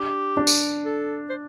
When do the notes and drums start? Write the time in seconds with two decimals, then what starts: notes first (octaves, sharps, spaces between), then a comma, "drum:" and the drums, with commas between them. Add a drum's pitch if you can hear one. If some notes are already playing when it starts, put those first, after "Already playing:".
Already playing: D4 G4
0.37 D4
0.47 drum: tambourine
0.85 A4
1.29 C5